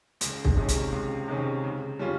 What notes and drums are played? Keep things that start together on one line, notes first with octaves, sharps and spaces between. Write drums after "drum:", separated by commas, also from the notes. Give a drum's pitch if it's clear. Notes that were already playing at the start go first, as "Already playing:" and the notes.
C#2, drum: hi-hat
drum: kick
C3 D#3 G#3 C#4
drum: hi-hat
C#2
C3 D#3 G#3 C#4
C#3
G3 C#4 F4